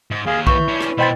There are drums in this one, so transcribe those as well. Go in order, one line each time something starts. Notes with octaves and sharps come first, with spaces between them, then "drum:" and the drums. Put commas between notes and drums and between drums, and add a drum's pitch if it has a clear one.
G#2
D#2 G#4 F5
E3 C#6 G6, drum: kick B1
C#4 D4
drum: rim click
B2 E4 C5 D#5 G5 B5 A6